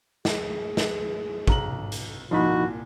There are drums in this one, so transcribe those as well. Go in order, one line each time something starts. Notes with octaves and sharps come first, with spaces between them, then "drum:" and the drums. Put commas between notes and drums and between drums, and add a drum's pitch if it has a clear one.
G#4, drum: snare
drum: snare
B1 A#5 F#7, drum: kick
drum: hi-hat
C2 A#2 F3 D#4 E4 F#4 B5